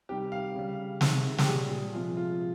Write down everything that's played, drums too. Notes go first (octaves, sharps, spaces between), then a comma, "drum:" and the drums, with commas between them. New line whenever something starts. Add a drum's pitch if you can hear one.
C3 D#3 G3 G4
F5
C#3 G3
C3 D#3 G#3, drum: snare
G4, drum: snare
A#2 G3 G#4
G#4
C3 F3 G#3 F4
F4